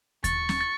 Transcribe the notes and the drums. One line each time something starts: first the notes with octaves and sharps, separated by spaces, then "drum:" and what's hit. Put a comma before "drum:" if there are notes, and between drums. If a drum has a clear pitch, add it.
C#6 A6, drum: kick D#2, hi-hat
drum: snare
A6